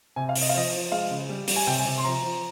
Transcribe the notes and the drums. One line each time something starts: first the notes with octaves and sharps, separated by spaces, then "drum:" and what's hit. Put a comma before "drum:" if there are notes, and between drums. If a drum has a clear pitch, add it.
C3 G#5
F5
C3, drum: open hi-hat
D#5
F5
F3 D#5
F3
G#3 F5
C#3
G3
G3, drum: open hi-hat
G#5
C3 G5
G#5
C3
C6
F3 A#5
F3